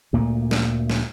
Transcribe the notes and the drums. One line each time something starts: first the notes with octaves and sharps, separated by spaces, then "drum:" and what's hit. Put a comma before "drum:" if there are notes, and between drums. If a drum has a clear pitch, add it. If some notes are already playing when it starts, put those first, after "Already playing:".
D2 A#2 A3 A#3
drum: snare
drum: snare